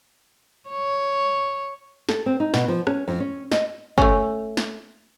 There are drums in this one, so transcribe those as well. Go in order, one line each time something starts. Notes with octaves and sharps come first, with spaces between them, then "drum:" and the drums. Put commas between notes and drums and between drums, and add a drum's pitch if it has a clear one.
C#5
A4, drum: snare
C4
D#4
B2, drum: snare
F3
C#4, drum: rim click
F2
C#4
D#5, drum: snare
A3 C#4, drum: kick
drum: snare